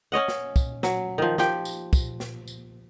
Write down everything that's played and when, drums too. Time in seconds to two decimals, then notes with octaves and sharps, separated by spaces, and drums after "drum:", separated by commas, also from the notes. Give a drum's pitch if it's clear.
0.12 C#4 C#5 D#5 F#5
0.28 drum: snare
0.56 drum: kick, tambourine
0.83 F#3, drum: snare
1.18 D#3 F3
1.38 F3 G4 G5, drum: snare
1.65 drum: tambourine
1.93 drum: kick, tambourine
2.20 drum: snare
2.48 drum: tambourine